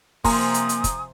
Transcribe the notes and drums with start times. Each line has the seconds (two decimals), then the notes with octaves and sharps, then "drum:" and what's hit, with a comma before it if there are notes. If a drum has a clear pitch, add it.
0.24 C3 F3 A#3 G#5 A#5 C6 D#6, drum: kick, open hi-hat
0.54 drum: hi-hat
0.69 drum: hi-hat
0.84 drum: kick, hi-hat